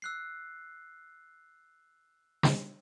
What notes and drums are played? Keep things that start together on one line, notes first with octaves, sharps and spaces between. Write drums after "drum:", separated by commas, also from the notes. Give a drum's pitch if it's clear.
E6 F#6 C7
drum: snare